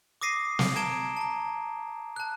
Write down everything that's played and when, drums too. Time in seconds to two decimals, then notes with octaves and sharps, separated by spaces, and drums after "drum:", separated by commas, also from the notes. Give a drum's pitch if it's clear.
0.21 D6 D#6 A#6 C7 D#7
0.59 drum: snare
0.76 A5 A#5 G#6 D7 E7 G7
1.17 A5 A#5
2.16 A5 F#6